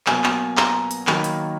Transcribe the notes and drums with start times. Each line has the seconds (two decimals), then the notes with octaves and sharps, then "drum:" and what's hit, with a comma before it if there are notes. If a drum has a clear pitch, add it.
0.06 B2 F#3 A#3 G#5, drum: clap
0.24 drum: clap
0.57 A#5, drum: clap
0.91 drum: hi-hat
1.07 D#3 F#3 A#3 B5, drum: clap
1.24 drum: hi-hat